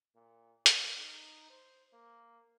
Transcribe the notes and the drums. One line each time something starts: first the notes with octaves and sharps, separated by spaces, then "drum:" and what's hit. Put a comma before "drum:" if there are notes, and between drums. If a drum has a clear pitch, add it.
A#2
A#3, drum: hi-hat
D#4
C5
A#3